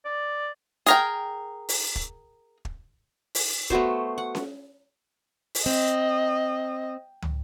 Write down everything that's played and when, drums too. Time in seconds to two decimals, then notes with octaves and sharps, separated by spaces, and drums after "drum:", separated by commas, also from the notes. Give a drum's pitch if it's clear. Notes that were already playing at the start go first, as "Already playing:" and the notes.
0.05 D5
0.86 G#4 A#4 G5, drum: hi-hat
1.69 drum: open hi-hat
1.96 drum: kick
2.65 drum: kick
3.35 drum: open hi-hat
3.70 A3 B3 F#4 C5, drum: kick
4.18 F#5
4.35 drum: snare C#4
5.55 drum: open hi-hat
5.66 C4 D#5
7.22 drum: tom